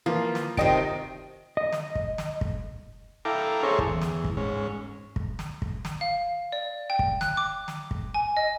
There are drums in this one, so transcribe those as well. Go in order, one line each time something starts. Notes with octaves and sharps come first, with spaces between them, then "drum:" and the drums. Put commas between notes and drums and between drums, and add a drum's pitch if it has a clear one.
E3 F3 A#3 F4
drum: snare
C3 D#3 D#5 G5 A5 D7, drum: kick
D#5
drum: snare
drum: kick
drum: snare
drum: kick
E4 A4 F5 G5 A#5 D6
C#4 E4 G#4 A4 C5 C#5
drum: kick
E2
drum: snare
drum: kick
G#2 C#4
drum: kick
drum: snare
drum: kick
drum: snare
F5
D5
G5
drum: kick
F#6, drum: snare
D6
drum: snare
drum: kick
G#5
D#5